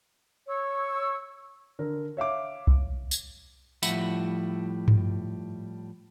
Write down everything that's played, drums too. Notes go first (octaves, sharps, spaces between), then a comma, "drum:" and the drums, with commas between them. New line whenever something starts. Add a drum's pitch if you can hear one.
C#5 C#6 E6
D3 A#4
C#5 E5 F5 D6
drum: kick B1
drum: tambourine
A2 F3 G3 E5 F#5 B5, drum: tambourine
drum: tom G2